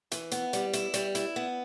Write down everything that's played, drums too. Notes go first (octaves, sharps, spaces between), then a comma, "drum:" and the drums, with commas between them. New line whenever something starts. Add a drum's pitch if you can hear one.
E3, drum: hi-hat
B3, drum: hi-hat
G3, drum: hi-hat
E4, drum: hi-hat
G3, drum: hi-hat
E4, drum: hi-hat
B3